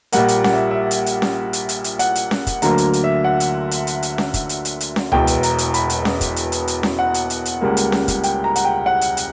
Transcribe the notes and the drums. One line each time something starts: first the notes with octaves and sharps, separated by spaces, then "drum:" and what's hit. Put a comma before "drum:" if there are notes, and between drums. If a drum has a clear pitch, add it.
A#1 A#2 G3 A#3 F#5, drum: hi-hat
drum: hi-hat
F#5, drum: snare C#4
E5
E5
drum: hi-hat
drum: hi-hat
drum: snare C#4
drum: hi-hat
drum: hi-hat
drum: hi-hat
F#5, drum: hi-hat
drum: hi-hat
drum: snare C#4
drum: kick, hi-hat
D2 D3 F#3 A#3 A#5, drum: hi-hat
drum: hi-hat
drum: hi-hat
E5
F#5
drum: hi-hat
drum: hi-hat
drum: hi-hat
drum: hi-hat
drum: snare C#4
drum: kick, hi-hat
drum: hi-hat
drum: hi-hat
drum: hi-hat
drum: snare C#4
E1 E2 B2 G5, drum: tom C#2
drum: hi-hat
A#5, drum: hi-hat
drum: hi-hat
B5, drum: hi-hat
drum: hi-hat
drum: snare C#4
drum: kick, hi-hat
drum: hi-hat
drum: hi-hat
drum: hi-hat
drum: snare C#4
F#5
drum: hi-hat
drum: hi-hat
drum: hi-hat
C#2 C#3 G3 A#3
drum: hi-hat
drum: snare C#4
drum: kick, hi-hat
G5, drum: hi-hat
A#5
F#5, drum: hi-hat
G5
F#5
drum: hi-hat
drum: hi-hat